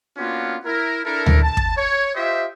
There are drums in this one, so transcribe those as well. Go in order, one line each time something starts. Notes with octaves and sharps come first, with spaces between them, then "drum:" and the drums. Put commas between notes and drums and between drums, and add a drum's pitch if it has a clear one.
A#3 B3 C#4 D4 F4 F#4
E4 A#4
D4 E4 A4 A#4
drum: tom D2
A5
drum: kick
C#5
F4 G4 C5 D#5 E5